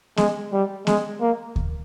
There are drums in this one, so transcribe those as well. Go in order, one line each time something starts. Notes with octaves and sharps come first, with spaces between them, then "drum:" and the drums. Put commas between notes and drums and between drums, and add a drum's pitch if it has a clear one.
G#3, drum: snare B3
G3
G#3, drum: snare B3
A#3
drum: kick D2